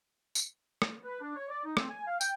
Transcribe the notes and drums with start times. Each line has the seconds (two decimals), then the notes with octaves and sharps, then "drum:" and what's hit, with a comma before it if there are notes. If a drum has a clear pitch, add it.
0.35 drum: tambourine
0.82 drum: rim click
1.05 B4
1.21 D4
1.36 C#5
1.50 D5
1.65 D#4
1.77 C4, drum: rim click
1.89 G#5
2.07 F5
2.21 G5, drum: tambourine